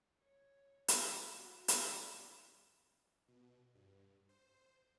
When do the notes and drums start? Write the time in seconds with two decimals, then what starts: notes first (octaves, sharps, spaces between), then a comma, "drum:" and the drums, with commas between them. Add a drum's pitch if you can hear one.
0.22 C#5
0.88 B4, drum: hi-hat
1.33 F#4
1.68 drum: hi-hat
1.79 D4
3.28 B2
3.75 G2
4.29 C5